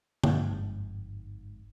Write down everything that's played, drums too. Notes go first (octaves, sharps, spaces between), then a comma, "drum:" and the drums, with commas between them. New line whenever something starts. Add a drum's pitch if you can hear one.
G1 F2 G#2, drum: tom D3